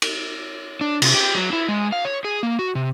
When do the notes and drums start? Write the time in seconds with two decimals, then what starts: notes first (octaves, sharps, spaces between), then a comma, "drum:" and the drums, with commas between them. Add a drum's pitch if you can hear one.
0.02 drum: cymbal
0.81 D4
1.02 C3, drum: cymbal
1.14 G4
1.35 F#3
1.53 E4
1.68 G#3
1.92 F5
2.05 C#5
2.25 G#4
2.43 A#3
2.59 F#4
2.75 C3